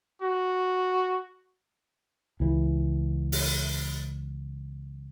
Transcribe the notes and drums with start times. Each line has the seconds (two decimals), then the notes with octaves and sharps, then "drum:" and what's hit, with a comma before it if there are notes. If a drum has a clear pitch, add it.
0.21 F#4
2.40 C#2 E3
3.32 drum: open hi-hat